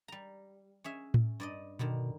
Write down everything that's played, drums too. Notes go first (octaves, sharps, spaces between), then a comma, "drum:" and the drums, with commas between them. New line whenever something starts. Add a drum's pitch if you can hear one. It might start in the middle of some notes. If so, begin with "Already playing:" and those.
G3 A#5
C#4 G#4 E5
drum: tom A2
G2 D5 D#5
G2 B2 D3 D#3